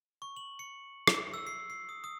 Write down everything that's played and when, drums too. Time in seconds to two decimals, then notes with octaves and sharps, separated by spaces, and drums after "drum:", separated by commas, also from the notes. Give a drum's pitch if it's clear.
0.22 C#6
0.37 F#7
0.59 C#7
1.07 C#7, drum: rim click
1.34 E6
1.47 C7
1.70 C7
1.89 D#6
2.04 D#6